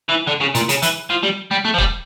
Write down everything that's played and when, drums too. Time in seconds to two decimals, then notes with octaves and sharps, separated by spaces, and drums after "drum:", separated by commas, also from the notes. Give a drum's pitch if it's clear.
0.09 E3
0.28 D3
0.41 C#3
0.55 A#2, drum: hi-hat
0.69 C#3, drum: hi-hat
0.82 E3, drum: hi-hat
1.10 F3
1.23 G3
1.51 G3
1.65 A3
1.74 F3
1.78 G3, drum: kick